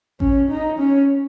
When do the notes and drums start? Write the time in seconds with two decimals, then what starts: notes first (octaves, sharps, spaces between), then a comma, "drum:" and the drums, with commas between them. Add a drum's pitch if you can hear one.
0.20 C#4, drum: kick A1
0.50 D#4
0.79 C#4